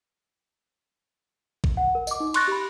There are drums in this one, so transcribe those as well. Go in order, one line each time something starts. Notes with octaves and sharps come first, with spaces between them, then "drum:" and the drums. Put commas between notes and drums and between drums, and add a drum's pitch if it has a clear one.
drum: kick A1
F#5
A#4
D#5 D6, drum: tambourine
D#4
C6 C#6 F#6 A6 A#6, drum: cymbal
G4 B5